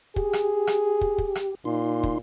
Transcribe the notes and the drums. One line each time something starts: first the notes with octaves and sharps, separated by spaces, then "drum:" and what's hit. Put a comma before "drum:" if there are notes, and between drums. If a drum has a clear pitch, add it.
G4 G#4, drum: kick
drum: rim click
drum: rim click
drum: kick
drum: kick
drum: rim click
A#2 D#4 C6
drum: kick